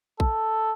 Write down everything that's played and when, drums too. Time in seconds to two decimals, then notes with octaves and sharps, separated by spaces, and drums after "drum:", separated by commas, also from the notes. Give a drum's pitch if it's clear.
0.20 A4, drum: kick A#1